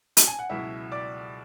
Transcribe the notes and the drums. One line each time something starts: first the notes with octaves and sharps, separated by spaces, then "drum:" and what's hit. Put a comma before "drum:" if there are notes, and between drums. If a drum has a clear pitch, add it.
A5, drum: hi-hat
G#5
F#5
C#2 B2 F#3 E4 E5
D5 D6